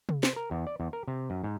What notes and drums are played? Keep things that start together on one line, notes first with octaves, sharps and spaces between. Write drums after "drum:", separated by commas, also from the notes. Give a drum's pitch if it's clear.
drum: tom C3
C5, drum: snare
A#4
E2
D5
E2
A#4
C3
F#2
G#2